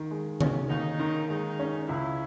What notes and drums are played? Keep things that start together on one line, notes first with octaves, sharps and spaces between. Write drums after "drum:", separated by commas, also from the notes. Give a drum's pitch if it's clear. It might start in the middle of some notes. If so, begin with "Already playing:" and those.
Already playing: D#2 D#3
G#3
C#4, drum: tom D3
D#2 D#4
D#3
G#3 D#4
C#4
C#2 E4